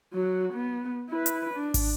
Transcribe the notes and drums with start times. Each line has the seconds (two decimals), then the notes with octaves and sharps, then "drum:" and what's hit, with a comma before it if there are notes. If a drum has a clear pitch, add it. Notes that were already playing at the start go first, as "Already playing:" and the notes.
0.13 F#3 F#4
0.53 B3
1.09 E4 B4
1.26 drum: hi-hat
1.54 D4
1.74 drum: kick, open hi-hat